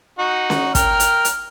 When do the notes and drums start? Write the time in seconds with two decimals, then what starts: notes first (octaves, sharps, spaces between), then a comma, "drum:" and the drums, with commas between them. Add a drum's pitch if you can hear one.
0.19 D#4 F#4
0.50 drum: snare C#4
0.75 A#4 G5 F6, drum: kick, hi-hat
1.00 drum: hi-hat
1.25 drum: hi-hat